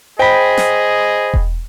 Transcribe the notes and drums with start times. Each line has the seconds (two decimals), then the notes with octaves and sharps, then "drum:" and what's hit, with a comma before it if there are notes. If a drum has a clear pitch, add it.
0.19 G#4 C5 D#5 G5 B5 B6
0.57 drum: snare
1.34 drum: kick E1